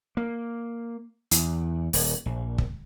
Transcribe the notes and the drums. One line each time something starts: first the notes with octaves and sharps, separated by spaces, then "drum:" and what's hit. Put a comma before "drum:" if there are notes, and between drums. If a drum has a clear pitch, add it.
A#3
E2, drum: hi-hat
D#1, drum: open hi-hat
A#1
drum: kick